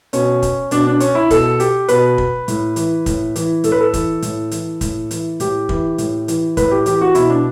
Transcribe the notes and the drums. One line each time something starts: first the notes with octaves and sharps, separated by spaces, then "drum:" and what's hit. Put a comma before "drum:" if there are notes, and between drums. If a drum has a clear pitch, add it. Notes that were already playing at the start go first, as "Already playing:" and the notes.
B2 C#4, drum: hi-hat
drum: kick, hi-hat
B2 D4, drum: hi-hat
D4
C#4, drum: hi-hat
E4
B2 A4, drum: kick, hi-hat
G4, drum: hi-hat
B2 B4, drum: hi-hat
drum: kick
A2, drum: hi-hat
E3, drum: hi-hat
A2, drum: kick, hi-hat
E3, drum: hi-hat
A2 A4, drum: hi-hat
B4
A4
E3, drum: kick, hi-hat
A2, drum: hi-hat
E3, drum: hi-hat
A2, drum: kick, hi-hat
E3, drum: hi-hat
A2 G4, drum: hi-hat
E3, drum: kick
A2, drum: hi-hat
E3, drum: hi-hat
A2 B4, drum: kick, hi-hat
G4
E3 G4, drum: hi-hat
F#4
B2 E4, drum: hi-hat
D4